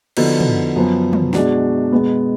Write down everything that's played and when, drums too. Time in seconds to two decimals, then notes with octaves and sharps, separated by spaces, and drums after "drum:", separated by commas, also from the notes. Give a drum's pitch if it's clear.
0.17 D3 F3 B3 D#4 F#4, drum: cymbal
0.41 drum: tom
0.76 F#2 F3 B3
1.13 drum: tom
1.34 B2 G#3 D4 F#4, drum: snare
1.92 B2 G#3 B3